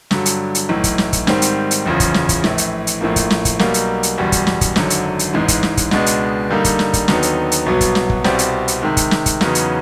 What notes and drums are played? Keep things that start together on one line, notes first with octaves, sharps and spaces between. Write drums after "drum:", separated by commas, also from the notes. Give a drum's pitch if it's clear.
G2 D3 F#3, drum: snare
drum: hi-hat
drum: hi-hat
B1 A2 E3
drum: kick, hi-hat
drum: snare
drum: kick, hi-hat
G#2 D#3 G3 C4, drum: snare
drum: hi-hat
drum: hi-hat
F#1 E2 C#3 F3
drum: kick, hi-hat
drum: snare
drum: kick, hi-hat
A#1 A2 E3, drum: snare
drum: hi-hat
drum: hi-hat
A#1 A2 F3 A#3
drum: kick, hi-hat
drum: snare
drum: kick, hi-hat
B1 B2 G3 A#3, drum: snare
drum: hi-hat
drum: hi-hat
F#1 E2 B2 G3
drum: kick, hi-hat
drum: snare
drum: kick, hi-hat
G#1 F#2 D3 F#3, drum: snare
drum: hi-hat
drum: hi-hat
A1 G#2 E3 G#3
drum: kick, hi-hat
drum: snare
drum: kick, hi-hat
C#2 B2 G#3 B3 D4, drum: snare
drum: hi-hat
G2 D3 G3 A#3 D#4
drum: kick, hi-hat
drum: snare
drum: kick, hi-hat
D#2 D3 F#3 B3 D#4, drum: snare
drum: hi-hat
drum: hi-hat
C2 B2 F#3 B3
drum: kick, hi-hat
drum: snare
drum: kick
C2 B2 G3 C4, drum: snare
drum: hi-hat
drum: hi-hat
C3 D#3 G#3
drum: kick, hi-hat
drum: snare
drum: kick, hi-hat
E2 C#3 F#3 B3 D#4, drum: snare
drum: hi-hat